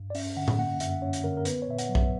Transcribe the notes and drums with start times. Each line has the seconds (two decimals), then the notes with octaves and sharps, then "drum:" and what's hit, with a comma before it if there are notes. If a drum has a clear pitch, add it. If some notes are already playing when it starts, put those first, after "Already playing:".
Already playing: G2
0.10 D5
0.15 C#4 E5, drum: open hi-hat
0.37 D3 F#5
0.48 drum: tom A2
0.59 A#3 F#5
0.80 F#2 E5, drum: hi-hat
1.02 C#4 C#5
1.13 drum: hi-hat
1.24 D3 A#4
1.37 A#4
1.45 B3 B4, drum: hi-hat
1.62 C#5
1.68 A#2 E5
1.78 F#5, drum: hi-hat
1.89 F#3
1.95 E5, drum: kick B1